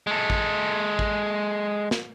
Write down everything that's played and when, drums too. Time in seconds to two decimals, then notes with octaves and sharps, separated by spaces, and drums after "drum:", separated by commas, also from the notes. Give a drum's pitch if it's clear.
0.07 G#3 A4
0.30 drum: kick
0.99 drum: kick
1.91 drum: snare